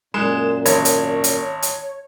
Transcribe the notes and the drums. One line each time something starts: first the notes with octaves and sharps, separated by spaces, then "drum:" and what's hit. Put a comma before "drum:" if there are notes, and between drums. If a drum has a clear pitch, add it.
F#2 A#2 G#3 F#6 E7
G#1 C#5, drum: hi-hat
drum: hi-hat
drum: hi-hat
drum: hi-hat